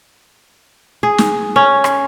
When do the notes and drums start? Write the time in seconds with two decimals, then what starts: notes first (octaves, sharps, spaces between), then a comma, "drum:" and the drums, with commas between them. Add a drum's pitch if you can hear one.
1.03 G#4
1.18 drum: snare
1.56 C#4
1.84 drum: rim click